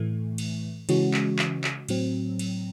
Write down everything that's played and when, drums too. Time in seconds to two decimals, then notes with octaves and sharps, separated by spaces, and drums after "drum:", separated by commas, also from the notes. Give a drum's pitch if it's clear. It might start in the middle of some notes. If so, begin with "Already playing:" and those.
Already playing: A2 E3 A3
0.38 drum: cymbal
0.89 C#3 E3 G#3 C#4 F#4, drum: cymbal
1.14 drum: clap
1.39 drum: clap
1.64 drum: clap
1.89 A2 F#3 C4, drum: cymbal
2.39 drum: cymbal